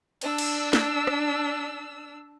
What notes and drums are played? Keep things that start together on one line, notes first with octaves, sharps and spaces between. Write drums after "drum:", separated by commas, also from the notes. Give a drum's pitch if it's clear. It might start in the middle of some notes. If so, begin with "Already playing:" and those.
D4 E6, drum: cymbal
drum: cymbal
drum: snare
drum: rim click